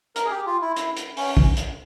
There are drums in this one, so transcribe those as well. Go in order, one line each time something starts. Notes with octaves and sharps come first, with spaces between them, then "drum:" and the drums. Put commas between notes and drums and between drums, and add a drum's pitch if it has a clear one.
A#4, drum: hi-hat
G#4
G4
F4
E4
E4, drum: hi-hat
drum: hi-hat
C#4, drum: open hi-hat
drum: kick
drum: hi-hat